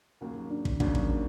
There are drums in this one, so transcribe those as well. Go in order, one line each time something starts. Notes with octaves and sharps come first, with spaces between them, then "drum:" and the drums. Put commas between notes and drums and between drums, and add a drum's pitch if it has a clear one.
D#2 C#3 F#3 A#3
D4
drum: kick
D#2 C#3 F#3 A#3 D4, drum: kick
drum: kick